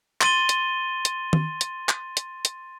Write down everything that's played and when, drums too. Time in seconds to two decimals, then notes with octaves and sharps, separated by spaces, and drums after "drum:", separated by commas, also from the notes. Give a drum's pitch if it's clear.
0.21 C6 A6 D#7 G7, drum: clap
0.49 drum: hi-hat
1.05 drum: hi-hat
1.33 drum: tom D#3
1.61 drum: hi-hat
1.89 drum: clap
2.17 drum: hi-hat
2.45 drum: hi-hat